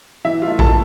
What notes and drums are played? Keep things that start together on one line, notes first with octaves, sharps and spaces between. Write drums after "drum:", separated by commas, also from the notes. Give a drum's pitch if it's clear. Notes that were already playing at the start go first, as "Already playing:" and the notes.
E3 E4 E5
F4 F5
A3
A4 A5, drum: kick A#1